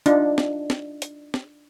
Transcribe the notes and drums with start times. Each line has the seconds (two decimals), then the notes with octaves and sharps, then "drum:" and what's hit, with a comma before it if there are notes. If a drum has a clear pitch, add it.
0.06 D4 D#4 F4, drum: hi-hat
0.38 drum: snare
0.70 drum: snare
1.02 drum: hi-hat
1.34 drum: snare